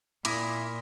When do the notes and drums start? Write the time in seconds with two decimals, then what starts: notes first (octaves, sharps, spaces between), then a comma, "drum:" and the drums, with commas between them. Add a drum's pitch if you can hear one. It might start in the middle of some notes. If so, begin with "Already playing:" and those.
0.25 A#2 E4 D6 D#6 A#6, drum: hi-hat